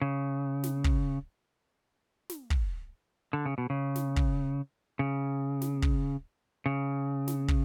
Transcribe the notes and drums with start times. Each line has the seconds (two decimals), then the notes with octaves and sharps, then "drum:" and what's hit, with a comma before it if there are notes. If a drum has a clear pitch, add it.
0.01 C#3
0.64 drum: snare
0.84 drum: kick
2.30 drum: snare
2.50 drum: kick
3.33 D3
3.46 C#3
3.58 B2
3.70 C#3
3.96 drum: snare
4.16 drum: kick
4.99 C#3
5.62 drum: snare
5.82 drum: kick
6.66 C#3
7.28 drum: snare
7.48 drum: kick